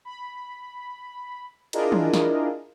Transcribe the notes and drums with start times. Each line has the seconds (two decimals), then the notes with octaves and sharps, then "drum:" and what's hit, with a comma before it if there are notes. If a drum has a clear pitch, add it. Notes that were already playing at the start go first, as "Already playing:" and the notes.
0.05 B5
1.73 D4 E4 F4 G#4 A#4 D#5, drum: cymbal
1.92 drum: tom
2.14 drum: snare